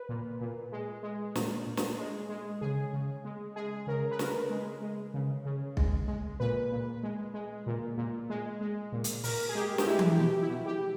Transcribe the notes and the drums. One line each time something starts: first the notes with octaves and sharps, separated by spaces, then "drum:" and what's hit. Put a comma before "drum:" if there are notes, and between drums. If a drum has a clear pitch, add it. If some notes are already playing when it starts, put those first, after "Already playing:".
Already playing: B4
A#2
A#2
G#3
G#3
A#2, drum: snare
A#2
drum: snare
G#3
G#3
C#3 G#4
C#3
G#3
G#3 G#4
C#3 A#4
B4
C#3 A#4, drum: snare
G#3
G#3
C#3
C#3
G#3, drum: kick B1
G#3
A#2 B4
A#2
G#3
G#3
A#2
A#2
G#3
G#3
A#2
drum: hi-hat
A#2 A#4, drum: open hi-hat
G#4
G#3 G4
G4, drum: snare
G#3 E4
drum: tom E3
B2 G4
E4
B2
G4